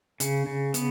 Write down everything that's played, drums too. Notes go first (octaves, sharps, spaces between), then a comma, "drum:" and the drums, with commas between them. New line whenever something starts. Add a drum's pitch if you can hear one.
C#3, drum: hi-hat
C#3
B3, drum: hi-hat